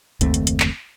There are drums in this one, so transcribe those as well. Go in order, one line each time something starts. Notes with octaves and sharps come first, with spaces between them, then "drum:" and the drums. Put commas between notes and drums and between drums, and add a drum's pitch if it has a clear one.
F#1 D#2 A3 C4, drum: kick D2, hi-hat
drum: hi-hat
drum: hi-hat
drum: clap